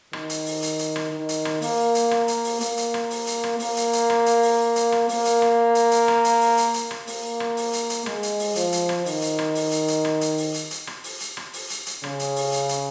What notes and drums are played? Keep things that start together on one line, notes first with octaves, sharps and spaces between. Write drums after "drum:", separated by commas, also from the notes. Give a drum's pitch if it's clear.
D#3, drum: rim click
drum: hi-hat
drum: open hi-hat
drum: hi-hat
drum: hi-hat
drum: rim click
D#3
drum: hi-hat
drum: rim click
A#3, drum: open hi-hat
drum: hi-hat
drum: rim click
drum: hi-hat
drum: open hi-hat
A#3, drum: hi-hat
drum: hi-hat
drum: rim click
drum: open hi-hat
drum: hi-hat
drum: rim click
A#3, drum: open hi-hat
drum: hi-hat
drum: hi-hat
drum: rim click
drum: hi-hat
drum: open hi-hat
drum: hi-hat
drum: rim click
A#3, drum: open hi-hat
drum: hi-hat
drum: rim click
drum: hi-hat
drum: hi-hat
drum: rim click
drum: hi-hat
drum: open hi-hat
drum: hi-hat
drum: hi-hat
drum: rim click
A#3, drum: open hi-hat
drum: rim click
drum: open hi-hat
drum: hi-hat
drum: hi-hat
G#3, drum: rim click
drum: hi-hat
drum: open hi-hat
F3, drum: hi-hat
drum: hi-hat
drum: rim click
D#3, drum: open hi-hat
drum: hi-hat
drum: rim click
drum: open hi-hat
drum: hi-hat
drum: hi-hat
drum: rim click
drum: hi-hat
drum: open hi-hat
drum: hi-hat
drum: hi-hat
drum: rim click
drum: open hi-hat
drum: hi-hat
drum: rim click
drum: open hi-hat
drum: hi-hat
drum: hi-hat
C#3, drum: rim click
drum: hi-hat
drum: open hi-hat
drum: hi-hat
drum: hi-hat